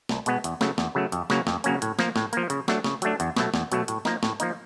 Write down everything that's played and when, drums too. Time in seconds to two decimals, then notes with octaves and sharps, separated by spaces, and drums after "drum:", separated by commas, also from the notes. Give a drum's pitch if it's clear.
0.09 C2, drum: snare
0.26 B2 G#3 B3, drum: hi-hat
0.44 E2, drum: hi-hat
0.61 C#3 F#3 A3, drum: snare
0.78 E2, drum: snare
0.95 C#3 F#3 A3
1.12 F2, drum: hi-hat
1.30 C#3 F#3 A#3 C#4, drum: snare
1.47 F2, drum: snare
1.64 C#3 F#3 A#3 C#4, drum: hi-hat
1.82 A2, drum: hi-hat
1.99 F3 A#3, drum: snare
2.16 A2, drum: snare
2.33 F3 A#3, drum: hi-hat
2.50 C#3, drum: hi-hat
2.68 F#3 A3 D4, drum: snare
2.84 C#3, drum: snare
3.02 F#3 A3 D4, drum: hi-hat
3.20 E2, drum: hi-hat
3.37 B2 F#3 A3, drum: snare
3.54 E2, drum: snare
3.72 B2 F#3 A3, drum: hi-hat
3.88 A2, drum: hi-hat
4.05 F3 A#3 D#4, drum: snare
4.23 A2, drum: snare
4.40 F3 A#3 D#4, drum: hi-hat